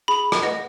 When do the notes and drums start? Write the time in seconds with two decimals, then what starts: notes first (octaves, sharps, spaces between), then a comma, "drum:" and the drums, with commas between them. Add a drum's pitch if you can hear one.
0.08 G#4 B5
0.32 drum: rim click
0.42 B4 D#5 F#5